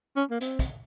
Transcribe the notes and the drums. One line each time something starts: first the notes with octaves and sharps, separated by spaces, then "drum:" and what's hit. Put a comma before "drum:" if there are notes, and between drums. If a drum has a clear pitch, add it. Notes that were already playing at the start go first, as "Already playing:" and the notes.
C#4
A#3
C4, drum: hi-hat
drum: kick, hi-hat